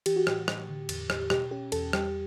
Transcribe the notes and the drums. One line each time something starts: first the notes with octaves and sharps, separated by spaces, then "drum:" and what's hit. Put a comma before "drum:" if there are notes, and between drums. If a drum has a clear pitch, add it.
E3 G4, drum: cymbal
F#4
A2 G4, drum: rim click
A2, drum: rim click
D3
E2, drum: cymbal
E2, drum: rim click
B2 G4, drum: rim click
C#4 G4
E2 A4, drum: cymbal
G3 G4, drum: rim click